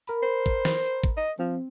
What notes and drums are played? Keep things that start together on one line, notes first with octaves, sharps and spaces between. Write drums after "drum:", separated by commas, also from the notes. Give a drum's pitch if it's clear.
A#4 B5, drum: tambourine
C5
drum: kick, tambourine
drum: snare
drum: tambourine
drum: kick
D#5
F3 C4